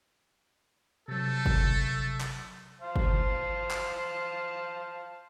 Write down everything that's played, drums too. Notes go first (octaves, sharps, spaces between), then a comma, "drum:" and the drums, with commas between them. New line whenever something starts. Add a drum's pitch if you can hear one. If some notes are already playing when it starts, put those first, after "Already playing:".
C3 F#3 A3 A4
drum: kick G1
drum: clap
C5 F5 A5
drum: kick G1
drum: clap